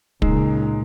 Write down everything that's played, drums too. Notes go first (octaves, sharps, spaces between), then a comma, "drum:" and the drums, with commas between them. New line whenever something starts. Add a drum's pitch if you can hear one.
C#2 A#2 C#3 G#3 D#4, drum: kick